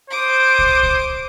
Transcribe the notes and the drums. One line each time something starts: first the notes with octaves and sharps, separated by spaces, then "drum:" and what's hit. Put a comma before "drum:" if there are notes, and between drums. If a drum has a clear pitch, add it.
C5 D6 D#6
drum: kick C2
drum: kick C2